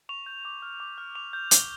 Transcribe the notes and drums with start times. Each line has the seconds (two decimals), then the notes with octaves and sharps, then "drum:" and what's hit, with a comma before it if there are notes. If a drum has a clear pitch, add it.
0.09 C#6 F7
0.26 G6
0.45 D6
0.62 F6
0.80 D6
0.98 F6
1.15 D6 F7
1.33 G6
1.51 D6 G7, drum: hi-hat